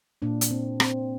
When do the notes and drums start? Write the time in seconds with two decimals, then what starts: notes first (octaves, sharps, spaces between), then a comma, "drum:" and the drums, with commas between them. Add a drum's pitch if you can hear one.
0.22 A#2 A#3 D4
0.41 drum: hi-hat
0.51 C4
0.80 C4, drum: rim click